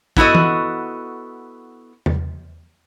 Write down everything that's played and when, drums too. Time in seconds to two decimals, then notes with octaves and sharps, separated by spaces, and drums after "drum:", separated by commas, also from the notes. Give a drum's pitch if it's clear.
0.17 B3 E4 F#4 A4 D#5, drum: kick
0.35 drum: tom E3
2.06 drum: tom E2